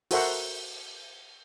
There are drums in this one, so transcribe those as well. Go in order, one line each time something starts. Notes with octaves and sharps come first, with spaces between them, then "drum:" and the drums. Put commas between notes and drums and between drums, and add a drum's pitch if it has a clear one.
F#4 A4 A#4 C5 E5 F#5, drum: open hi-hat